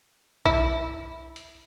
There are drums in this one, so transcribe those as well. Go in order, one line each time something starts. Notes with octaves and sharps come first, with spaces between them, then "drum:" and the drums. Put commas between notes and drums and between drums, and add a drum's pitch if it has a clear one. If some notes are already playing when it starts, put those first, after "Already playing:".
E4, drum: kick B1
drum: hi-hat